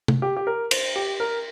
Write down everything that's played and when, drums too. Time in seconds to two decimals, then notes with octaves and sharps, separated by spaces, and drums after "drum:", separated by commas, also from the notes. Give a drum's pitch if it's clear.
0.08 drum: tom
0.22 G4
0.37 G4
0.47 A#4
0.71 C5, drum: cymbal
0.96 G4
1.20 A#4